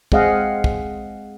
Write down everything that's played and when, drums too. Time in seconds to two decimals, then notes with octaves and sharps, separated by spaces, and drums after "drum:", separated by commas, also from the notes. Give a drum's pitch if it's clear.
0.12 G#3 C4 G#4 D#5 F5 F#5, drum: kick
0.64 drum: kick